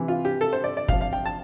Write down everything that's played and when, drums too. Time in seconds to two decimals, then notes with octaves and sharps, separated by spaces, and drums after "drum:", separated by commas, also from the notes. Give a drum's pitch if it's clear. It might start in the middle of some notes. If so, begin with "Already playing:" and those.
Already playing: C3 E3
0.08 F4
0.25 G4
0.41 A4
0.53 C5
0.64 D5
0.77 D5
0.88 C3 F3 F5, drum: kick
1.01 F5
1.13 G5
1.26 A5